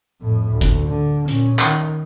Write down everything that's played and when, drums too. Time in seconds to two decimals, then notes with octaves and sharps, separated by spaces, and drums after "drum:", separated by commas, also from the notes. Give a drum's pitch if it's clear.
0.22 F2 A2
0.52 D2
0.61 drum: kick, hi-hat
0.86 D3
1.28 A#2 C#4, drum: hi-hat
1.59 D#3, drum: clap